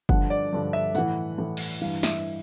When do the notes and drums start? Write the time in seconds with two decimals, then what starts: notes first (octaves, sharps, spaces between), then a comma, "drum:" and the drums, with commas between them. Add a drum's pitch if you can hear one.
0.09 G2 D3 F3 F#5, drum: kick F#1
0.30 D5
0.53 G2 D3 F3
0.73 E5
0.95 A2 E3 F#5, drum: tambourine
1.38 A2 E3
1.57 drum: cymbal
1.81 G2 E3 F5
2.03 E5, drum: snare